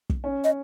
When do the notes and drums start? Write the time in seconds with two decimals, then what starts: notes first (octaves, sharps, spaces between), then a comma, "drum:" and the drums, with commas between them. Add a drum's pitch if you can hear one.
0.10 drum: kick
0.24 C#4
0.44 D#5